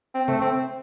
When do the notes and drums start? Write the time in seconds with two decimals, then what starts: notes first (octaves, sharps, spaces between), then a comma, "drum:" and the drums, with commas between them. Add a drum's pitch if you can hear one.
0.15 C4
0.28 A3, drum: tom C3
0.41 C4